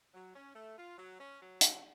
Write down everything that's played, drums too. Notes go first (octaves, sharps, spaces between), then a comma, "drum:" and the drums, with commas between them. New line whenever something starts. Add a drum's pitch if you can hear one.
F#3
C#4
A3
F4
F#3
C#4
F#3
D3, drum: hi-hat